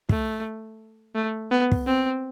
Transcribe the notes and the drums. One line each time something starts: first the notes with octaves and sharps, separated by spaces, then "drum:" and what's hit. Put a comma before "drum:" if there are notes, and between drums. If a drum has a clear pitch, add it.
A3, drum: kick
A3
B3
drum: kick
C4